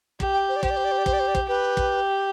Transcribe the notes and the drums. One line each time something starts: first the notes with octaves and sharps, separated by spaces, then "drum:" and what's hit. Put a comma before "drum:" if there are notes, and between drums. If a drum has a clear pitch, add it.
G4, drum: kick
G5
C5
D5
G4 C5, drum: kick
D5
C5
D5
C5
D5
C5, drum: kick
D5
C5
D5
C5, drum: kick
G4 B4
drum: kick